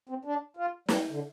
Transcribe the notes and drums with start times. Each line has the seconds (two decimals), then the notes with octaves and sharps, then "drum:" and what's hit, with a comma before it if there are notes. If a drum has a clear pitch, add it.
0.09 C4
0.25 D4
0.57 F4
0.89 G3, drum: snare
1.10 D3